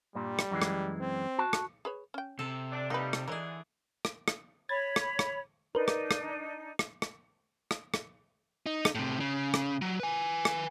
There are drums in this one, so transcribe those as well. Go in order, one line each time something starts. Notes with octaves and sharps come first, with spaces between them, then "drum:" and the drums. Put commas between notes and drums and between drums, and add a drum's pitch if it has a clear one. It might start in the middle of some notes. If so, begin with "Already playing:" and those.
G2 A#2 G3
drum: rim click
F#2 E3 G#3
drum: rim click
C4
F#4 A5
drum: rim click
G#4 B4 C#5
C#4 G5
C3 A4
D4
F2 G3 A#3 D#4 B4
drum: rim click
D3 E3 G#4 A#4 C#5 D#5
drum: rim click
drum: rim click
C#5 B5 G#6 A6
drum: rim click
drum: rim click
D4 D#4 A#4 B4
drum: rim click
drum: rim click
drum: rim click
drum: rim click
drum: rim click
drum: rim click
D#4
drum: rim click
A2 C3
C#3
drum: rim click
F#3
B4 G#5
drum: rim click